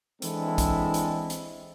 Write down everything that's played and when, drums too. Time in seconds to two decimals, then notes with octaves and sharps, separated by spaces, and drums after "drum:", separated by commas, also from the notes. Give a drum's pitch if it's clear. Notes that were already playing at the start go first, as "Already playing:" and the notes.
0.22 E3 G#3 C4 D4 E4 A4, drum: hi-hat
0.58 drum: kick, hi-hat
0.94 drum: hi-hat
1.30 drum: hi-hat